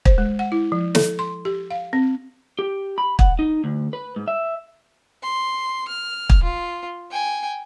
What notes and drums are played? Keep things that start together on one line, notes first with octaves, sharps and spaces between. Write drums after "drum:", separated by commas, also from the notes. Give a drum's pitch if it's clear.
C5, drum: kick
G#3
F#5
E4
F3
A4, drum: snare
C6
G4
F5
C4
G4
B5
F#5, drum: kick
D#4
D2
B4
G#2
E5
C6
F6
drum: kick
F4
G5 G#5